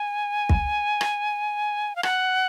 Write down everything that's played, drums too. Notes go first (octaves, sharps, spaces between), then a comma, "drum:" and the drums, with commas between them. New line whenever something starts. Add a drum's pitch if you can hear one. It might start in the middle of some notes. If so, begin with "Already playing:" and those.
Already playing: G#5
drum: kick
drum: rim click
F5
F#5, drum: rim click